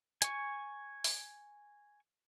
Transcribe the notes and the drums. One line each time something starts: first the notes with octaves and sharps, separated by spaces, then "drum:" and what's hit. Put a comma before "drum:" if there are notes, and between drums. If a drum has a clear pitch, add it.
G#5 C#6, drum: hi-hat
drum: open hi-hat